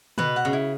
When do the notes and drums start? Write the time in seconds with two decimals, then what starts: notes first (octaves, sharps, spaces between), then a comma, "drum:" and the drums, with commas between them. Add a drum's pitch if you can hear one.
0.18 B2 B4, drum: tom
0.36 F#5
0.45 C#3
0.53 E4